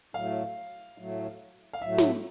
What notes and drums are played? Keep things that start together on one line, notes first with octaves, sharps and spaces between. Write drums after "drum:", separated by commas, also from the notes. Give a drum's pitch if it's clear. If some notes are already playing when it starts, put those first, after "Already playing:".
A2 F#3 A3 F5
A2 F#3 A3
F5
A2 F#3 A3 E5
drum: snare